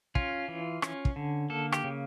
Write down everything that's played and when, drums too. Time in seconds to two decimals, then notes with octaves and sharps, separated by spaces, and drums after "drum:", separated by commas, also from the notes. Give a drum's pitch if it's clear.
0.15 C#4 F4, drum: kick
0.48 E3
0.82 C#4, drum: rim click
1.05 drum: kick
1.16 D3
1.50 A#3 A4
1.72 G4, drum: rim click
1.84 C#3